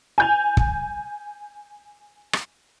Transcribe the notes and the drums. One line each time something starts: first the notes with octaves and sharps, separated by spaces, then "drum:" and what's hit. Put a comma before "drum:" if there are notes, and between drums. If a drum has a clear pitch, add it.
G#5 G6 F7
drum: kick
drum: rim click